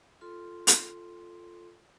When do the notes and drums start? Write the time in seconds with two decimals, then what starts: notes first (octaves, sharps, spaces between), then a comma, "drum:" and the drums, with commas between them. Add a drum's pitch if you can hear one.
0.21 F4 A4 C6
0.67 drum: hi-hat